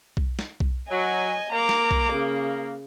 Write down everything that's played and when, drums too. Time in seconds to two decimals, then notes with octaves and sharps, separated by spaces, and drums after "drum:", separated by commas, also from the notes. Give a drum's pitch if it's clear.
0.17 drum: kick B1
0.39 drum: snare
0.60 drum: kick B1
0.90 F#3 D#5 G#5
1.51 A#3 A#5 D6
1.69 drum: snare
1.91 drum: kick B1
2.12 C#3